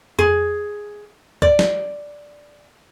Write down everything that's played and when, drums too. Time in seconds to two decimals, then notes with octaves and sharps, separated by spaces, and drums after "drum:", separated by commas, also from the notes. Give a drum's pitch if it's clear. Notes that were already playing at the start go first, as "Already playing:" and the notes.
0.19 G#4, drum: tom F2
1.42 D5, drum: kick C2
1.59 drum: snare